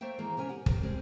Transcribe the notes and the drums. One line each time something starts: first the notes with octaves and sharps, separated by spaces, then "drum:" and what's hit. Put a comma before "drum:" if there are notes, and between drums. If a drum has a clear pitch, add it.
A3 A#3 C5 E5 G5
D#3 E3 G#3 A#3
C3 C#4 A#4 G#5
G4 F#5
B3 C4 A#4, drum: kick
G3 G#3 C4